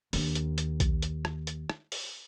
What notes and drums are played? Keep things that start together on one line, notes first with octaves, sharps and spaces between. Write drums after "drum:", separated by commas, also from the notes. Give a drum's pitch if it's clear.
D#2 D4, drum: open hi-hat
drum: hi-hat
drum: hi-hat
drum: kick A#1, hi-hat
drum: hi-hat
drum: rim click
drum: hi-hat
drum: rim click
drum: open hi-hat